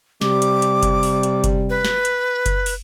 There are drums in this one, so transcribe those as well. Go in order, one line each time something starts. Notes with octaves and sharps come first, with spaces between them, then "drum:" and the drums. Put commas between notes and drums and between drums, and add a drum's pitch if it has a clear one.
C3 G3 D6, drum: snare
drum: hi-hat
drum: hi-hat
drum: kick F#1, hi-hat
drum: open hi-hat
drum: hi-hat
drum: kick F#1, hi-hat
B4
drum: snare
drum: hi-hat
drum: kick F#1, hi-hat
drum: open hi-hat